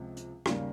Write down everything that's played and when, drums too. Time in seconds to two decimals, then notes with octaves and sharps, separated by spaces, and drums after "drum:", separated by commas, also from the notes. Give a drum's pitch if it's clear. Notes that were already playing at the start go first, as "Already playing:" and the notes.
Already playing: C#2 C3 F3
0.17 drum: hi-hat
0.46 D#2 C#3 G3 A#3, drum: rim click